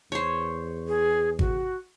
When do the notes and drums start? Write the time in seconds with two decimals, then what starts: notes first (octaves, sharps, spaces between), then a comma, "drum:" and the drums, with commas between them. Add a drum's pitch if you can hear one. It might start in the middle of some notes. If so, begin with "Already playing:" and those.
0.12 E2 C5 C#5
0.87 G#4
1.39 F#4, drum: kick G#1